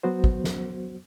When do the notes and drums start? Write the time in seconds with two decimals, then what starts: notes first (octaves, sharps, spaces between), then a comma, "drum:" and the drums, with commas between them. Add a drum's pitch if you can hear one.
0.03 F#3 B3 F#4 C5
0.24 drum: kick
0.44 drum: snare